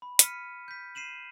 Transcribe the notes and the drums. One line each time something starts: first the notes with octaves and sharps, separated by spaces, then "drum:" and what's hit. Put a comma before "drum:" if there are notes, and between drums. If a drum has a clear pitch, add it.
B5
F6 B6 C#7 D#7, drum: hi-hat
G6 B6
C7 D#7 E7 F#7